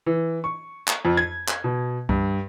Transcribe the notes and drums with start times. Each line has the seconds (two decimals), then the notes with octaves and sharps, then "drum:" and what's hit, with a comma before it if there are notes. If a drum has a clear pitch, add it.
0.06 E3
0.44 C#6
0.87 drum: clap
1.05 F2
1.17 G#6
1.48 drum: clap
1.64 B2
2.09 G2, drum: kick C2